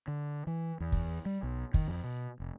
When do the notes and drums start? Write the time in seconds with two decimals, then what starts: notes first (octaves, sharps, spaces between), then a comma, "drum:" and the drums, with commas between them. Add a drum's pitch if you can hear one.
0.08 D3
0.47 E3
0.80 E2
0.92 drum: kick
1.26 G3
1.43 B1
1.74 D#3, drum: kick
1.88 F2
2.04 B2
2.40 F1